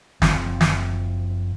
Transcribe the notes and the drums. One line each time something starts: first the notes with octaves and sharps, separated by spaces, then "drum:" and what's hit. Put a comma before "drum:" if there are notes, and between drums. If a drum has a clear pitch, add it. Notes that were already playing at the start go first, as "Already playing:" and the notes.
F#1 F3 C4, drum: snare
drum: snare